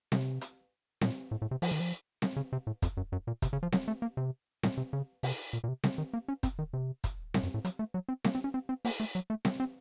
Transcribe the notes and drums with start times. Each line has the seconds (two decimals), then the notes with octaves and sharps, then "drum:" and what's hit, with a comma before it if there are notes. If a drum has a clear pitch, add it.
0.12 C3, drum: snare C4
0.41 drum: hi-hat
1.01 A#2, drum: snare C4
1.31 A2
1.42 A2
1.51 C3
1.62 F3, drum: open hi-hat
1.71 D#3
1.80 F3
2.22 drum: snare C4
2.36 C#3
2.52 C3
2.67 A2
2.82 F2, drum: kick, hi-hat
2.97 F#2
3.12 F#2
3.27 A#2
3.42 C3, drum: kick, hi-hat
3.53 C#3
3.63 F3
3.72 F#3, drum: snare C4
3.88 A3
4.02 A#3
4.17 C3
4.63 A#2, drum: snare C4
4.77 C3
4.93 C#3
5.23 C3, drum: open hi-hat
5.53 A#2
5.64 A#2
5.68 C3
5.84 C#3, drum: snare C4
5.98 D#3
6.13 A#3
6.28 C#4
6.43 C4, drum: kick, hi-hat
6.59 D#3
6.73 C3
7.04 drum: kick, hi-hat
7.34 A#2, drum: snare C4
7.43 F#2
7.54 A2
7.65 F#3, drum: hi-hat
7.79 A3
7.94 F#3
8.08 C4
8.24 A#3, drum: snare C4
8.35 C4
8.44 C#4
8.54 C4
8.69 C4
8.85 A#3, drum: open hi-hat
9.00 A3
9.15 F#3
9.30 A3
9.45 C4, drum: snare C4
9.60 C4